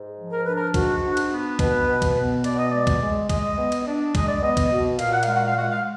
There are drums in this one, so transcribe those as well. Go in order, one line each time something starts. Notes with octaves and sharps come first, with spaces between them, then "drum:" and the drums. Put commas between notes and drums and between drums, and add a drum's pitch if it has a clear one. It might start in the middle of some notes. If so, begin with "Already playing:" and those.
Already playing: G#2
F3
A#4
D4 B4
A#4
G#2 F#4, drum: kick, cymbal
D4
drum: cymbal
B3
B2 B4, drum: kick, cymbal
B2
drum: kick, cymbal
B3
B2 D5, drum: cymbal
D#5
G#3 D5
drum: kick, cymbal
G#3
G#3 D#5, drum: kick, cymbal
B3
drum: cymbal
D4
G#3 D#5, drum: kick, cymbal
D5
B3 D#5
drum: kick, cymbal
B2
A#2 F5, drum: cymbal
F#5
G#3 F5, drum: cymbal
F#5
F5
G#3 F#5
F5